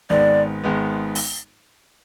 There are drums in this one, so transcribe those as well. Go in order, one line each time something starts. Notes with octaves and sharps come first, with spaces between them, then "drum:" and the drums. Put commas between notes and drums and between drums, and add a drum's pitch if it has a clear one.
G#1 G#2 D#3 G#3 B3 D5
G#1 G#2 D#3 G#3 B3
drum: open hi-hat